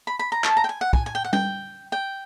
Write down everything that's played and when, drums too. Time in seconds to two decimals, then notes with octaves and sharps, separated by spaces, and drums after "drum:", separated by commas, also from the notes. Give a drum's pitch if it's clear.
0.07 B5
0.19 B5
0.32 A#5
0.44 A5, drum: clap
0.57 A#5
0.64 G5
0.69 G#5
0.81 F#5
0.93 G#5, drum: kick
1.06 G#5
1.15 G5
1.25 F#5
1.33 G5, drum: tom G3
1.92 G5